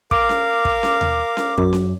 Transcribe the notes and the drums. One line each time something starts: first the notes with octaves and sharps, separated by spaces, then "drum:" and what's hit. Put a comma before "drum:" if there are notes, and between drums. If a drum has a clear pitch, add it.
A#4 F5 D6, drum: kick
drum: snare C#4
drum: kick
drum: snare C#4
drum: tom D#2
drum: snare C#4
F#2, drum: kick
drum: snare C#4